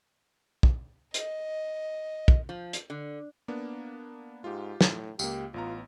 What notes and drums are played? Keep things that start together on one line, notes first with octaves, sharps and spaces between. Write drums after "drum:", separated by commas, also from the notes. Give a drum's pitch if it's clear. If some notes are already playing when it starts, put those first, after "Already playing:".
drum: kick
D#5, drum: hi-hat
drum: kick
F3
drum: hi-hat
D3
A#3 B3 D4
G#2 F4 G4
A2, drum: snare
C#2 A#3 G4, drum: tambourine
A1 B3 F4 A#5